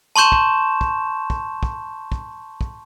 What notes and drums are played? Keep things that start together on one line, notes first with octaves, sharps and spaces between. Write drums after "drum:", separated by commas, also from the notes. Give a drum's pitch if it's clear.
A5 C6 C#6 G6 E7
drum: kick
drum: kick
drum: kick
drum: kick
drum: kick
drum: kick